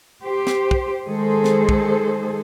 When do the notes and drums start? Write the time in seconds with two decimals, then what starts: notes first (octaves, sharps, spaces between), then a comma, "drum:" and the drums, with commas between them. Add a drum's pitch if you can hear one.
0.22 G4 C5
0.47 drum: snare
0.71 drum: kick
1.06 D#3 G#3 G#4 A4 C5
1.44 drum: snare
1.69 drum: kick